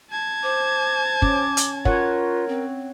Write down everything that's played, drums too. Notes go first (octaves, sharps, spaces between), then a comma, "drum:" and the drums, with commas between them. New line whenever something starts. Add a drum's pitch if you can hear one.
A5 G#6
C5 D6
C#4 D6, drum: kick
drum: hi-hat
F4 A#4 C#5 F#5, drum: kick
C4